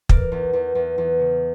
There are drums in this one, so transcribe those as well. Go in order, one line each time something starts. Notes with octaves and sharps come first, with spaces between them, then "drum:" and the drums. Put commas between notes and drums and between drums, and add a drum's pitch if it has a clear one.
E3 A#4 D5, drum: kick
E2
E2
E2
E2
C#3